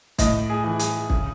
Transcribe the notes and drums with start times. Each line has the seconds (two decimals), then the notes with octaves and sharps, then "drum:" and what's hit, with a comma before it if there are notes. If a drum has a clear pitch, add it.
0.18 A2 D#5, drum: kick, hi-hat
0.50 G#4
0.64 E3
0.79 G#4, drum: hi-hat
1.10 C#3, drum: kick